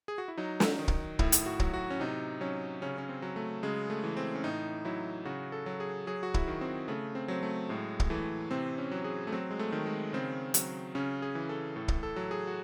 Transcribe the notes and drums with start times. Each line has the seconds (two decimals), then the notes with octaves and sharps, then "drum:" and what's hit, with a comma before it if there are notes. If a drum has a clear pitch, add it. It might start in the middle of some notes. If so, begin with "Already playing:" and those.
0.08 G#4
0.18 F#4
0.28 E4
0.38 F#3 D#4
0.60 drum: snare
0.79 D#3
0.88 drum: kick
1.19 A2 E4, drum: kick
1.32 drum: hi-hat
1.46 F#4
1.60 F#3, drum: kick
1.74 F#4
1.90 C#4
2.00 C3 D#4
2.41 F#3 C#4
2.82 C#3 C#4
2.98 C#4
3.09 C4
3.22 F#3
3.36 A3
3.63 C#3 G#3
3.90 A3
4.04 E3
4.17 C4
4.35 C#4
4.44 A2 D#4
4.85 F#3 E4
5.25 C#3 F#4
5.52 A4
5.66 F#3
5.80 G#4
6.07 F#3 G#4
6.23 F#4
6.34 E4, drum: kick
6.48 D#3
6.61 C4
6.88 C#3 A3
7.15 C4
7.28 F#3 C4
7.43 A3
7.69 A2 G#3
8.00 drum: kick
8.10 E3 A3
8.51 C3 C4
8.78 C#4
8.91 F#3
9.04 G#4
9.27 A3
9.32 F#3 C4
9.51 G#3
9.59 A3
9.72 D#3
9.86 G#3
10.13 C#3 C4
10.54 F#3, drum: hi-hat
10.95 C#3 C#4
11.22 G#4
11.35 E3
11.49 A4
11.76 A2 A4
11.88 drum: kick
12.03 A4
12.16 F#3
12.31 G#4
12.47 F#4